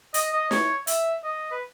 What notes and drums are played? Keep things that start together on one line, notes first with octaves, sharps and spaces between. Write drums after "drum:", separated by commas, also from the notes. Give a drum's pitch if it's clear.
D#5, drum: hi-hat
D#5
C#5, drum: snare
E5, drum: hi-hat
D#5
B4